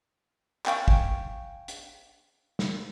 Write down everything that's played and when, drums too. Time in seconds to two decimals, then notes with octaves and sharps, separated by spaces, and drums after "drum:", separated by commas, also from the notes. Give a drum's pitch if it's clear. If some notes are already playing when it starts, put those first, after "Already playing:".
0.66 F5 G5 G#5 C#6, drum: clap
0.88 drum: kick
1.68 drum: hi-hat
2.59 drum: snare